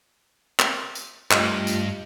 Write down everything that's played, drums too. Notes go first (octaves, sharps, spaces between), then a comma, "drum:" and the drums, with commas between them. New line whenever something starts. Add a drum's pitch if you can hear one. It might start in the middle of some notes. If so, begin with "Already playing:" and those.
drum: clap
drum: tambourine
G2 A3 F4 G4 D#5, drum: clap
drum: tambourine